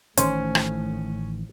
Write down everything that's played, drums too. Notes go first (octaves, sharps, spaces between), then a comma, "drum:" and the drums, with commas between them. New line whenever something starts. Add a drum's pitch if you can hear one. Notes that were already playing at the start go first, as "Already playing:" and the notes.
A1 A2 D#3 C#4 C5, drum: hi-hat
drum: rim click